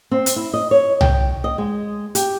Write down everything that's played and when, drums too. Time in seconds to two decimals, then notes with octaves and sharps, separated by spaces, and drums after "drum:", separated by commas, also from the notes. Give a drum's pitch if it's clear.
0.11 C4
0.26 drum: hi-hat
0.36 E4
0.54 D#5
0.71 C#5
1.01 G5, drum: tom C2
1.44 D#5
1.58 G#3
2.15 G4, drum: hi-hat